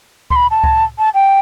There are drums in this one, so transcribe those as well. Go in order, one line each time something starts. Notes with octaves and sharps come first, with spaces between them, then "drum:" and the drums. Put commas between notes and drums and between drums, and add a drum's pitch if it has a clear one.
C6, drum: kick C#2
B5
A5
drum: kick C#2
A5
G5